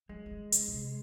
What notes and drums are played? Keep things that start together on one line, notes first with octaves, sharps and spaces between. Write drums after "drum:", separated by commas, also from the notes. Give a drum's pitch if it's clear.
F#3 G#3
F3
D#3
C#3, drum: hi-hat
A#2
C3